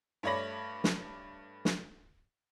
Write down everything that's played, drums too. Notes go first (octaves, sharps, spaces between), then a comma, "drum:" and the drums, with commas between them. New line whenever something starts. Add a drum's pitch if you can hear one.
G2 A3 C#5 D5 B5 A#6
drum: snare
drum: snare